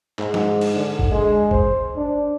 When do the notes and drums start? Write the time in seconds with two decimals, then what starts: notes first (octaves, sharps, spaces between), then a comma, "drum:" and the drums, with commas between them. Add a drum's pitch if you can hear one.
0.19 G#2, drum: clap
0.34 drum: snare
0.61 drum: cymbal
0.75 D3
0.99 drum: kick
1.12 G#3
1.51 C5, drum: kick
1.96 D4